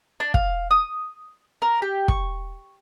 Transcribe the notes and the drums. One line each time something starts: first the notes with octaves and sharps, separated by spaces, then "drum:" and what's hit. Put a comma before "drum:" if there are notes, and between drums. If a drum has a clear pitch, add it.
D4
F5, drum: kick
D#6
A#4
G4
C#6, drum: kick